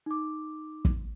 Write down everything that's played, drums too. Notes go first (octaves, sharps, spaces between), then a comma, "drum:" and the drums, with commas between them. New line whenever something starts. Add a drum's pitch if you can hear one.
D#4 D6
drum: kick